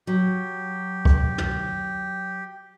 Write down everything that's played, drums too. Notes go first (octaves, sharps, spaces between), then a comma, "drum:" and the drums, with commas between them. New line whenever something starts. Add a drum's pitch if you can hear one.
F#3 G4
drum: kick
drum: tom